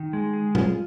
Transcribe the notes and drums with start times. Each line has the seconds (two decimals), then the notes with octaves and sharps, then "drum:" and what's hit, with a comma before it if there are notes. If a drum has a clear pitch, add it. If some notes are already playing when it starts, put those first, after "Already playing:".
Already playing: D#3
0.13 G#3
0.33 G#4
0.55 F4, drum: tom A#2